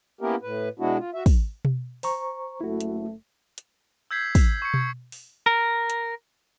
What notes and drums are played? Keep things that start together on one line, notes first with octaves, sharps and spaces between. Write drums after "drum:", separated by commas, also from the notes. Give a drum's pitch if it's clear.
A#3 B3 C#4 E4 G4 A#4
A2 B4
B2 G#3 B3 D4 E4 F#4
F4
F#4 E5
drum: kick, open hi-hat
drum: tom B2
C5 A#5 C#6, drum: open hi-hat
F#1 A3 E4 F#4
drum: hi-hat
drum: hi-hat
E6 G6 G#6 B6 C7
drum: kick, open hi-hat
C#6 C#7
drum: tom B2
drum: open hi-hat
A#4
drum: hi-hat